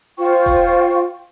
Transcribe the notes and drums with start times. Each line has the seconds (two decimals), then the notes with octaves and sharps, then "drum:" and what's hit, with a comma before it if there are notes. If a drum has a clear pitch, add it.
0.18 F4 C5 G5 C#6
0.46 drum: kick E1, hi-hat